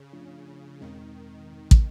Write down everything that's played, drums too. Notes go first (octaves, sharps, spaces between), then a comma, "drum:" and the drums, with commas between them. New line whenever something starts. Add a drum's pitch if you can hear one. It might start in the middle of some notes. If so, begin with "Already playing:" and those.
Already playing: C#3
F3 A3 D4 F4
E2 B2 D#3 G#3 C4 D#4
drum: kick